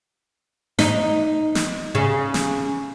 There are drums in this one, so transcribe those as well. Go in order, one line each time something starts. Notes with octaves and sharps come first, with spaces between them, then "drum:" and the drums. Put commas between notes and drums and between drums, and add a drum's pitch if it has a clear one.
D#4, drum: snare
drum: snare
C#3
drum: snare